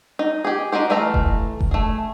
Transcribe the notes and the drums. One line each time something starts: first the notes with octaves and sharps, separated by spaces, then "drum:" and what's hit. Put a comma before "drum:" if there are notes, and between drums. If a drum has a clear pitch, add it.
D#4
G4 G#4
D#4 F#4 G4 C5
E3 A3 E5 F5 A#5
drum: kick F1
drum: kick F1
A3 G#4